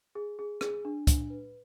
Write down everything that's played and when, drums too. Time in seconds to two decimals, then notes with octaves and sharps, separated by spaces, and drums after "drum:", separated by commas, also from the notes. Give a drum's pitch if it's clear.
0.15 G#4
0.39 G#4
0.61 G#4, drum: rim click
0.85 D4
1.07 D4, drum: kick, hi-hat
1.30 B4